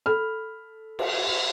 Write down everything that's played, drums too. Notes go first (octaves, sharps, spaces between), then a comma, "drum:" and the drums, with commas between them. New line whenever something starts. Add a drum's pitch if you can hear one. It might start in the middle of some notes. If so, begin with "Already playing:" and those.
A4 B5 F6
drum: cymbal